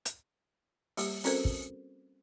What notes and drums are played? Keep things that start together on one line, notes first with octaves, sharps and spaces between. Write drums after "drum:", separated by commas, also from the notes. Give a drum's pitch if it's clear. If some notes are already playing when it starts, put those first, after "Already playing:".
drum: hi-hat
G3 A#3 G4, drum: open hi-hat
C4 C#4 F#4 A4 A#4 C5, drum: open hi-hat
drum: kick